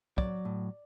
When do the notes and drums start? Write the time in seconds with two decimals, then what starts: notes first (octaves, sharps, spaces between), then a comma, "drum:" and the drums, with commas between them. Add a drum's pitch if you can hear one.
0.18 F#3 D5, drum: kick
0.45 A2